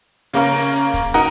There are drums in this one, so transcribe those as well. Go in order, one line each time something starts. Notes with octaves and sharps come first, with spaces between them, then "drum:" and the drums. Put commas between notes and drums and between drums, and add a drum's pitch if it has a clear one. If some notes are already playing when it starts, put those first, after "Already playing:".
C#3 A#3 C#4 A#4, drum: hi-hat
drum: open hi-hat
drum: hi-hat
drum: kick, hi-hat
D#4 F#4 A#4, drum: hi-hat